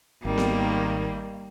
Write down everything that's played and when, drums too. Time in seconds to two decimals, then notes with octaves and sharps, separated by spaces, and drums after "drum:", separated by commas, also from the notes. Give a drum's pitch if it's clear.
0.25 G#1 D#3 G3 A#3
0.38 drum: snare B3